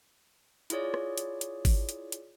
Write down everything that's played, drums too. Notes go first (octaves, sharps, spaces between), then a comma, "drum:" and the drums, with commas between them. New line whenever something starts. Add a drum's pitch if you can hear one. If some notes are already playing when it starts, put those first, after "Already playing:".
E4 F4 G#4 C#5 D5, drum: hi-hat
drum: rim click
drum: hi-hat
drum: hi-hat
drum: kick G#1, open hi-hat
drum: hi-hat
drum: hi-hat